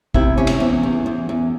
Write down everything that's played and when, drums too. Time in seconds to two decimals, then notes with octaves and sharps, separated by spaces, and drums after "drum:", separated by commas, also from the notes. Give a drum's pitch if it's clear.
0.14 C3 E4, drum: kick
0.37 C3 C#4
0.47 drum: cymbal
0.60 E2
0.83 E2
1.06 E2
1.29 E2